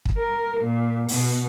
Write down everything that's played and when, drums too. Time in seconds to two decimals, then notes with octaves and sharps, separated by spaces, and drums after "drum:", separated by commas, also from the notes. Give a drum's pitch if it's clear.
0.05 drum: kick
0.16 A#4
0.59 A#2
1.08 B2, drum: open hi-hat